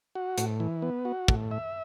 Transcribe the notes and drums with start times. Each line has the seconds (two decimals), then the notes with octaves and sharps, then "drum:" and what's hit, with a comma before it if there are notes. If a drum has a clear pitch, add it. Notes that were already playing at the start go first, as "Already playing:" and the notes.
0.15 F#4
0.38 A2, drum: hi-hat
0.60 E3
0.82 B3
1.05 F#4
1.28 A2, drum: kick
1.51 E5